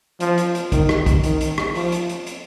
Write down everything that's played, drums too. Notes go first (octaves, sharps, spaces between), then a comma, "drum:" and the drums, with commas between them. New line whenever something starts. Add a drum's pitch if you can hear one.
F3, drum: hi-hat
drum: hi-hat
drum: hi-hat
D#3, drum: kick, hi-hat
drum: rim click
drum: kick, hi-hat
D#3, drum: hi-hat
drum: hi-hat
drum: rim click
F3, drum: open hi-hat
drum: hi-hat
drum: hi-hat
drum: hi-hat